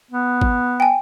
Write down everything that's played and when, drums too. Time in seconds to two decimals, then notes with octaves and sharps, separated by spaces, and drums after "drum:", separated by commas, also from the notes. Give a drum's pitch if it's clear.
0.11 B3
0.41 drum: kick
0.80 G5 G#5